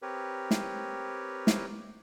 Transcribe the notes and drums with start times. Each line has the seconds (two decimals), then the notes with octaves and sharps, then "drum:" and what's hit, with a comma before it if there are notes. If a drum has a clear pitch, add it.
0.02 C4 G4 A#4 B4 C#5
0.51 drum: snare
1.47 drum: snare